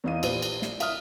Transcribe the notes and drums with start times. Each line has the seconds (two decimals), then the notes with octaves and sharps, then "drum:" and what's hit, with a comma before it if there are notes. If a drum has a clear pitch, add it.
0.04 E2 E3 D#4 F5 D#7
0.23 A#1 F4 G4 B4 C5 D#7, drum: cymbal
0.42 drum: cymbal
0.62 drum: snare
0.80 E5 D#6 F6, drum: cymbal